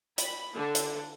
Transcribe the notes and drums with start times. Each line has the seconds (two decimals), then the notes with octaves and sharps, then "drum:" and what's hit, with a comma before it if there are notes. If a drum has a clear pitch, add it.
0.18 B5, drum: hi-hat
0.55 D3
0.75 drum: hi-hat